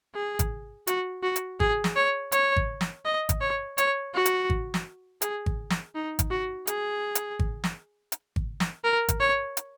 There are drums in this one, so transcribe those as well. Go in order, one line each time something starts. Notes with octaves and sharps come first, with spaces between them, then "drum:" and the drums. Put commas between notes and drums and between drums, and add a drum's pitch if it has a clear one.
G#4
drum: kick G#1, hi-hat
F#4, drum: hi-hat
F#4
drum: hi-hat
G#4, drum: kick G#1
drum: snare
C#5
C#5, drum: hi-hat
drum: kick G#1
drum: snare
D#5
drum: kick G#1, hi-hat
C#5
C#5, drum: hi-hat
F#4
drum: hi-hat
drum: kick G#1
drum: snare
G#4, drum: hi-hat
drum: kick G#1
drum: snare
D#4
drum: kick G#1, hi-hat
F#4
G#4, drum: hi-hat
drum: hi-hat
drum: kick G#1
drum: snare
drum: hi-hat
drum: kick G#1
drum: snare
A#4
drum: kick G#1, hi-hat
C#5
drum: hi-hat